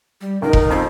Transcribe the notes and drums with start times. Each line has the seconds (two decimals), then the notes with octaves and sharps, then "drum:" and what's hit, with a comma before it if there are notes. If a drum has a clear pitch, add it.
0.21 G3
0.42 C#2 D#4 A#4
0.53 drum: kick F1
0.70 F2 C4